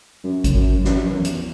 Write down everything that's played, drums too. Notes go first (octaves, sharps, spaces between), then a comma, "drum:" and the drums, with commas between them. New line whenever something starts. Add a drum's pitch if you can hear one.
F#2
drum: kick G#1, hi-hat
F#2
F#2, drum: snare
E2
drum: hi-hat